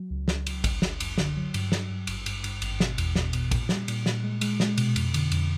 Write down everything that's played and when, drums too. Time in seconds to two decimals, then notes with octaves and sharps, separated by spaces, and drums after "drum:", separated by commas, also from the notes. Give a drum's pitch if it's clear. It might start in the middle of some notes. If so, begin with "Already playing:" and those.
Already playing: F#3
0.10 C#2
0.28 C#2, drum: snare
0.47 C#2, drum: cymbal
0.64 G1, drum: kick A1, cymbal
0.82 G1, drum: snare
1.00 F#2, drum: cymbal
1.18 D3, drum: snare
1.36 F#3
1.54 G2, drum: cymbal
1.72 G2, drum: snare
1.90 G2
2.07 G#1, drum: cymbal
2.26 G2, drum: cymbal
2.44 G2, drum: cymbal
2.62 G#1, drum: cymbal
2.80 B2, drum: snare
2.98 E2, drum: cymbal
3.16 B2, drum: snare
3.33 B2, drum: cymbal
3.51 A#2, drum: kick A1, cymbal
3.69 G3, drum: snare
3.88 A#2, drum: cymbal
4.06 A#2, drum: snare
4.23 G#3
4.41 G#3, drum: cymbal
4.60 G#3, drum: snare
4.78 B2, drum: cymbal
4.96 F2, drum: cymbal
5.14 D3, drum: cymbal
5.32 F2, drum: cymbal